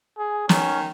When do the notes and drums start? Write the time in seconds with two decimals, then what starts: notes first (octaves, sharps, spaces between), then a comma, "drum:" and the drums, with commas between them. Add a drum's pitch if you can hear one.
0.18 G#4
0.49 D#3 C#4, drum: snare